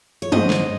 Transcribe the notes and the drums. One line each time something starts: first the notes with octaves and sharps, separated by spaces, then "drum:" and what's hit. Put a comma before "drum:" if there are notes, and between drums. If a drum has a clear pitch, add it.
C#5
G#2 C5 D#5, drum: tom
drum: snare